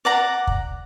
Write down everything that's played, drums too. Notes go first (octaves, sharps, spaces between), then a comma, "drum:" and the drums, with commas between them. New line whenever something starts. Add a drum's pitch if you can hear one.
D5 F#5 A#5
drum: kick